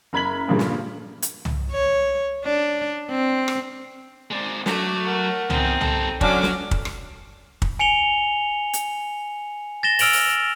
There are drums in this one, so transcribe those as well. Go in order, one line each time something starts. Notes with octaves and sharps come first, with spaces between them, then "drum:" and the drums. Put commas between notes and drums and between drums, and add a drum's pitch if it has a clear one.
F#1 A#5 B5 G#6 B6 F#7
G2 A#2 C#3 F3 A#3
drum: snare
drum: hi-hat
drum: tom
C#5
D4
C4
drum: rim click
G#3 C4 D5
F#3 A3 D6, drum: snare
A#4 F#5
E2 C4 D#4, drum: tom
G3 A4 A#5, drum: tom
D3 F#3 C#4 D4 F#4 D6 F6, drum: kick
drum: snare
drum: kick
drum: rim click
drum: kick
G#5 C#7 F7 G7
drum: hi-hat
A6 A#6 E7 G7
E6 F6 D7 F7 F#7, drum: open hi-hat
drum: open hi-hat